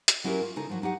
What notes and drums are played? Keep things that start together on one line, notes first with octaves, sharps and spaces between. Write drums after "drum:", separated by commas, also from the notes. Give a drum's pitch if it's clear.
drum: hi-hat
F#3 C#4 E4 G4 G#4 A#4
F4
C#3 D#4 A4
F3 F#3 D#4
F#3 D#4 G4 F#5